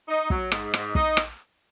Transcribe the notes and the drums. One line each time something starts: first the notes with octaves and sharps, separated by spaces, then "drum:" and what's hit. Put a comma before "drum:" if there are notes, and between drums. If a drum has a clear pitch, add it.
D#4
F#3, drum: kick
G#2, drum: rim click
G#2, drum: rim click
D#4, drum: kick
drum: rim click